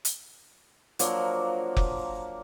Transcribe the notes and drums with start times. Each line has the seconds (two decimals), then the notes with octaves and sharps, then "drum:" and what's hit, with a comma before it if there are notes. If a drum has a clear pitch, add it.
0.05 drum: hi-hat
0.99 F3 F#3 A#3 D4, drum: hi-hat
1.77 drum: kick F1